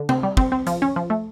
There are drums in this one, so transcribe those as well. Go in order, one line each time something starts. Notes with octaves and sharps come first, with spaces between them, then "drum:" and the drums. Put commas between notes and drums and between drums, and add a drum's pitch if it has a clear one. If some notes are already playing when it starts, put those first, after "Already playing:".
Already playing: D3
C4, drum: tom C3
G3
C4, drum: kick
C4
F3, drum: hi-hat
C#4
F3
A3